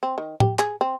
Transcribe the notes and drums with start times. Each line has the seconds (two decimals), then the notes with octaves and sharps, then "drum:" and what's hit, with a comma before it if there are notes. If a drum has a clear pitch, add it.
0.03 C4
0.18 D#3
0.40 G4, drum: tom A2
0.59 G#4, drum: clap
0.81 C4